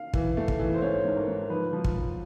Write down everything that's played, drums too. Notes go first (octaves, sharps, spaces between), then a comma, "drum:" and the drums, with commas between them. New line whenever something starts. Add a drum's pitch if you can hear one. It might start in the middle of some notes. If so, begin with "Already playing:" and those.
Already playing: F5
E3, drum: kick
A3
drum: kick
E3
C5
G#2 C#5
G#2
A#4
G#2
A#4
F3 B4
F3
drum: kick